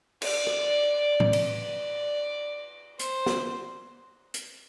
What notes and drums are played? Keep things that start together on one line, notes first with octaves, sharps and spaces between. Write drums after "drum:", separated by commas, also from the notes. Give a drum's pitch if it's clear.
D5, drum: cymbal
drum: rim click
drum: tom A2
D5, drum: cymbal
C5, drum: hi-hat
drum: snare
drum: hi-hat